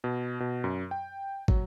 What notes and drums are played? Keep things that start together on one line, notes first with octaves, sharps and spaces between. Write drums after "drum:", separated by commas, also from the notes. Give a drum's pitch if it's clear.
B2
B2
F#2
G5
F#3, drum: kick